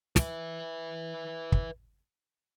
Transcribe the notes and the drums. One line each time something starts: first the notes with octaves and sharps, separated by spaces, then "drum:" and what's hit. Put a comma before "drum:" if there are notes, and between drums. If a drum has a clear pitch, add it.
B4 E5, drum: snare
drum: kick